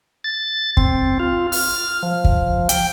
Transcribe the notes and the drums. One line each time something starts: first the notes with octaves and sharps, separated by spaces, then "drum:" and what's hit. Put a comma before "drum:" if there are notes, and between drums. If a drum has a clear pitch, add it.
A6
C4, drum: kick
F4
F6, drum: open hi-hat
F3
drum: kick
G5, drum: hi-hat